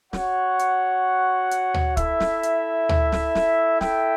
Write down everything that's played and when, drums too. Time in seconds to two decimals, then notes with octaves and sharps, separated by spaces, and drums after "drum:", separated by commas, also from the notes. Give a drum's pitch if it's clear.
0.13 F#4 C#5 F#5, drum: snare
0.59 drum: hi-hat
1.51 drum: hi-hat
1.74 drum: tom D2
1.97 E4 A4 E5, drum: kick, hi-hat
2.20 drum: snare
2.43 drum: hi-hat
2.89 drum: tom D2
3.12 drum: snare
3.35 drum: snare
3.81 E4 A4 E5 G5, drum: snare